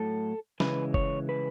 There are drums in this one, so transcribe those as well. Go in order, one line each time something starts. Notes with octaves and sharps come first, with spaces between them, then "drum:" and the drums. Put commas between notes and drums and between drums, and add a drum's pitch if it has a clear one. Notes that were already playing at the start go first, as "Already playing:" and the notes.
Already playing: A2 F#3 A3 A4
C#3 E3 G#3 B4, drum: snare
C#5, drum: kick F#1
B4